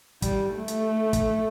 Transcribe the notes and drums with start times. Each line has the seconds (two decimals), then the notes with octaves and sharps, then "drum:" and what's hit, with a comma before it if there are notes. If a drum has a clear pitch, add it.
0.22 G3, drum: kick, hi-hat
0.57 A3
0.68 drum: hi-hat
1.13 drum: kick, hi-hat